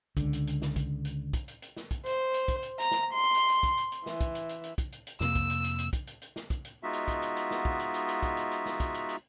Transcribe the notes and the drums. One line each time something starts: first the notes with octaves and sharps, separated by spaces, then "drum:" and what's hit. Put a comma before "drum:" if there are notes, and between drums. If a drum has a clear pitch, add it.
C#2 D3, drum: kick, hi-hat
drum: hi-hat
drum: hi-hat
drum: snare
drum: kick, hi-hat
drum: hi-hat
drum: kick, hi-hat
drum: hi-hat
drum: hi-hat
drum: snare
drum: kick, hi-hat
C5, drum: hi-hat
drum: hi-hat
drum: kick, hi-hat
drum: hi-hat
A#5, drum: hi-hat
drum: snare
C6
drum: hi-hat
drum: hi-hat
drum: kick, hi-hat
drum: hi-hat
drum: hi-hat
E3, drum: snare
drum: kick, hi-hat
drum: hi-hat
drum: hi-hat
drum: hi-hat
drum: kick, hi-hat
drum: hi-hat
drum: hi-hat
F2 C3 A#3 E6, drum: snare
drum: kick, hi-hat
drum: hi-hat
drum: hi-hat
drum: hi-hat
drum: kick, hi-hat
drum: hi-hat
drum: hi-hat
drum: snare
drum: kick, hi-hat
drum: hi-hat
G#3 B3 D#4 F4 F#4 E5
drum: hi-hat
drum: kick, hi-hat
drum: hi-hat
drum: hi-hat
drum: snare
drum: kick
drum: hi-hat
drum: hi-hat
drum: hi-hat
drum: kick, hi-hat
drum: hi-hat
drum: hi-hat
drum: snare
drum: kick, hi-hat
drum: hi-hat
drum: hi-hat